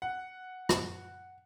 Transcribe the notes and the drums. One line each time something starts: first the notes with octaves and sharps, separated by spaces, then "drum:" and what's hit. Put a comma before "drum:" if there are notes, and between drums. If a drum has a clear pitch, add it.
F#5
drum: rim click